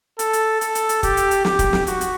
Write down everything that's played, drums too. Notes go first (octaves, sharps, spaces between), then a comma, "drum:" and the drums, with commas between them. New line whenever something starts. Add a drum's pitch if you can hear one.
A4, drum: hi-hat
drum: hi-hat
A4, drum: hi-hat
drum: hi-hat
drum: hi-hat
G4, drum: kick, hi-hat
drum: hi-hat
drum: hi-hat
G4, drum: snare
drum: kick, hi-hat
drum: snare
F#4, drum: hi-hat
drum: hi-hat